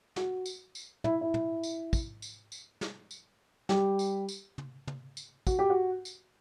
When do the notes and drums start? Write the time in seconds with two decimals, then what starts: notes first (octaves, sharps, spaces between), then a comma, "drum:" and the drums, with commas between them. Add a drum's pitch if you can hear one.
0.16 F#4, drum: snare
0.46 drum: tambourine
0.75 drum: tambourine
1.04 E4, drum: tom
1.21 E4
1.34 drum: tom
1.63 drum: tambourine
1.93 drum: kick, tambourine
2.22 drum: tambourine
2.52 drum: tambourine
2.81 drum: snare
3.11 drum: tambourine
3.69 G3 G4, drum: snare
3.99 drum: tambourine
4.29 drum: tambourine
4.58 drum: tom
4.87 drum: tom
5.17 drum: tambourine
5.47 F#4, drum: kick, tambourine
5.59 G4
5.70 F#4
6.05 drum: tambourine